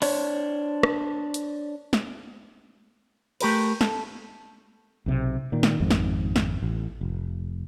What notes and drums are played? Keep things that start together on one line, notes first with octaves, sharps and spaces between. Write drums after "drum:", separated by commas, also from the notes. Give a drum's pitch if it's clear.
D4 C5 C#5, drum: open hi-hat
drum: rim click
drum: hi-hat
drum: snare
A3 G4 A#4 B4, drum: cymbal
A4, drum: snare
B1 C3 C4
A#2 D#3
drum: snare
G#1 F2 G#2
drum: snare
drum: snare
A1
F1